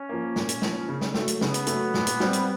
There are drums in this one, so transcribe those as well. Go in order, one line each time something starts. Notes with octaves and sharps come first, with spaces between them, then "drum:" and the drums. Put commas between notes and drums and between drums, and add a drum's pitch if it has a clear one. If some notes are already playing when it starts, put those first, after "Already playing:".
Already playing: C#4
F3 A#3
A#2, drum: snare
drum: hi-hat
F3 A#3, drum: snare
C#3
drum: snare
F#3 A3, drum: snare
drum: hi-hat
C#3 B3, drum: snare
drum: hi-hat
A3, drum: hi-hat
F#3
A#2, drum: snare
drum: hi-hat
G3 C4, drum: snare
drum: hi-hat